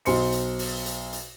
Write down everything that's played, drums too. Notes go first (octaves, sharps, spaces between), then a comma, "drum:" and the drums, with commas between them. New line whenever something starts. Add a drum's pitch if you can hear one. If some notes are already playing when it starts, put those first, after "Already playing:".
B1 C5 C6 C#7, drum: open hi-hat
drum: hi-hat
drum: open hi-hat
drum: hi-hat
drum: hi-hat